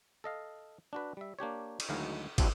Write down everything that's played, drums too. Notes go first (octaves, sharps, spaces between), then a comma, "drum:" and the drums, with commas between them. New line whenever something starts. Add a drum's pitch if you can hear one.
A4 D#5 F5
D4 F#4 B4
G3 E5
A#3 D4 G4 C#5
drum: cymbal
D2 D#3 F#3 G#3 E4 F5
F3 G3 C4 D4 E4 F#4, drum: kick, cymbal